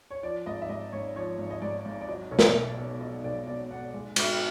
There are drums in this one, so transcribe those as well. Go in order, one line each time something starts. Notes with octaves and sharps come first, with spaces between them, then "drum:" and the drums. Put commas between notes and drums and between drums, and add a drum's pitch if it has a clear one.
C#5
F3 D5
G#1 D#5
E5
G#2 D#5
G#1 C#5
F3 C#5
G#1
D#5
G#2 D5
G#1
D5
F#3 D#5
B1 C#5
D5, drum: snare A#4
D#5
B2 E5
B3
F#3 D#5
B1 D5
B2 D5
B3 F#5
G#3
G#2, drum: cymbal